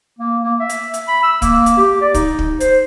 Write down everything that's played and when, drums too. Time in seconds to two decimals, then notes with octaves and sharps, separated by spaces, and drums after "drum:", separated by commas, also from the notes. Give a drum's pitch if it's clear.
0.19 A#3
0.43 A#3
0.60 E5
0.69 drum: hi-hat
0.94 drum: hi-hat
1.08 B5
1.23 E6
1.42 A#3, drum: kick, hi-hat
1.66 drum: hi-hat
1.77 G4
2.01 D5
2.14 D#4, drum: kick, hi-hat
2.39 drum: kick
2.60 C5, drum: hi-hat